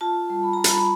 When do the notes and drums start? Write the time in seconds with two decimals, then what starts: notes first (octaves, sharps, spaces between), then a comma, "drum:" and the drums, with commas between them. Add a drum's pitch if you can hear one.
0.01 F4 A5
0.30 G3
0.43 B5
0.53 G3 A#5
0.64 B5, drum: hi-hat